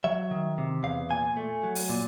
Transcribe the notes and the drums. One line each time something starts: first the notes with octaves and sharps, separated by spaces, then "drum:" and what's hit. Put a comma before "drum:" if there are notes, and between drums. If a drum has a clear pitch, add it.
F#3 E5
D#3
C3
E2 F5
A#2 G#5
A3
F#3
drum: open hi-hat
A#2